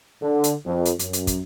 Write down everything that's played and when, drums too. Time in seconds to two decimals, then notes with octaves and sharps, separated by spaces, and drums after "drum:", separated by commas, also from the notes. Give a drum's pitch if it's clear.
0.22 D3
0.44 drum: hi-hat
0.65 F2
0.85 drum: hi-hat
0.99 F#2, drum: hi-hat
1.13 drum: hi-hat
1.27 drum: kick, hi-hat